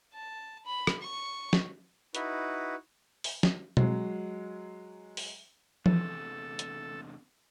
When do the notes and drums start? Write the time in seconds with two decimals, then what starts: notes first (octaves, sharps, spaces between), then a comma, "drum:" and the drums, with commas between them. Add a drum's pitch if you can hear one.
0.14 A5
0.65 B5
0.87 drum: rim click
1.02 C#6
1.53 drum: snare
2.15 D#4 E4 F#4 B4, drum: hi-hat
3.24 drum: open hi-hat
3.43 drum: snare
3.77 F#3 G#3, drum: tom B2
5.17 drum: open hi-hat
5.86 E2 C3 E3 A4, drum: tom F3
6.59 drum: hi-hat